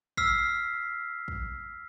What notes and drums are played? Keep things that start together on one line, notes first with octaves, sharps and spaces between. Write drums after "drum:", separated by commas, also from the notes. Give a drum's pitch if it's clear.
E6 F6 B6 C7, drum: kick
drum: kick